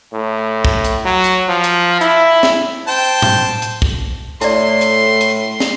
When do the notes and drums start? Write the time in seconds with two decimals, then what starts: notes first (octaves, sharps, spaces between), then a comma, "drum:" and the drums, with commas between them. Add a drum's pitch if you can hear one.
0.13 A2
0.65 drum: kick
0.84 drum: hi-hat
1.05 F#3
1.24 drum: hi-hat
1.49 F3
1.64 drum: hi-hat
2.01 E4, drum: hi-hat
2.43 drum: snare
2.88 C5 G5 A5
3.22 drum: tom A2
3.62 drum: hi-hat
3.82 drum: kick
4.41 A2 A3 E4 D5 C6, drum: hi-hat
4.81 drum: hi-hat
5.21 drum: hi-hat
5.60 drum: snare